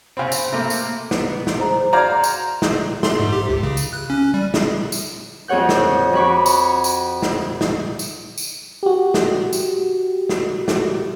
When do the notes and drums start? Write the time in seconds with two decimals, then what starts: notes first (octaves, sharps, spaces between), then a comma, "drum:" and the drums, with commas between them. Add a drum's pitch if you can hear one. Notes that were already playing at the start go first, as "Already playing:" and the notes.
0.17 C#3 C4 B5
0.32 drum: tambourine
0.52 C3 A3 A#3 A#5
0.70 drum: tambourine
1.11 B3, drum: snare
1.47 drum: snare
1.58 G#4 C5 A#5
1.93 F#4 D5 F5 A#5 C6 G6 G#6
2.24 drum: tambourine
2.62 drum: snare
3.03 C6, drum: snare
3.20 G#2
3.33 G4
3.49 C#2
3.63 C#3
3.77 drum: tambourine
3.93 F#6
4.10 C#4
4.34 G3
4.54 drum: snare
4.92 drum: tambourine
5.48 F2 G#4 C#5 F#5 G6
5.69 drum: snare
6.13 F2 F#4 F#5 B5 C#6 D6
6.46 drum: tambourine
6.84 drum: tambourine
7.22 drum: snare
7.61 drum: snare
7.99 drum: tambourine
8.38 drum: tambourine
8.83 F#4 G4
9.14 drum: snare
9.53 drum: tambourine
10.29 drum: snare
10.68 drum: snare